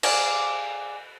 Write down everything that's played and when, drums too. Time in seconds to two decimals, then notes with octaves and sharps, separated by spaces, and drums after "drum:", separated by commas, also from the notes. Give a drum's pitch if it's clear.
0.03 G#4 D5 F5, drum: cymbal